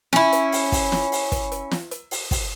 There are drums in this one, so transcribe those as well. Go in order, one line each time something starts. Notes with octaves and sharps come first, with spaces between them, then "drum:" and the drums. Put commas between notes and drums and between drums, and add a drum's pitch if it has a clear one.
C#4 E4, drum: snare
drum: hi-hat
drum: open hi-hat
drum: kick, open hi-hat
drum: snare
drum: open hi-hat
drum: kick, hi-hat
drum: hi-hat
drum: snare
drum: hi-hat
drum: open hi-hat
drum: kick, open hi-hat